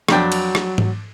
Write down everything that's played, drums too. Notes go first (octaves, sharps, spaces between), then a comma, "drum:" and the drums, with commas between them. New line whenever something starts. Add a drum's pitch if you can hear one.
F2 F#3 D4 G5, drum: rim click
drum: cymbal
drum: rim click
drum: tom G#2